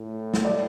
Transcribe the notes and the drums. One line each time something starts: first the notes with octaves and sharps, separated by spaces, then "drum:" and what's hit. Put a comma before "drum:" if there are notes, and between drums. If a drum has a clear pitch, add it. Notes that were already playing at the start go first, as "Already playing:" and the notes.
Already playing: A2
drum: snare
D5